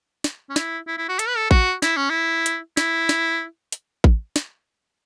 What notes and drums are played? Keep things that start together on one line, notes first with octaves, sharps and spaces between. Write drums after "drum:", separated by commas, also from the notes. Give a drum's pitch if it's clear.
drum: snare
C#4
E4, drum: snare
E4
E4
F#4
A4, drum: hi-hat
B4
A4
F#4, drum: kick A1
E4, drum: snare
C#4
E4
drum: hi-hat
E4, drum: snare
drum: snare
drum: hi-hat
drum: kick A1
drum: snare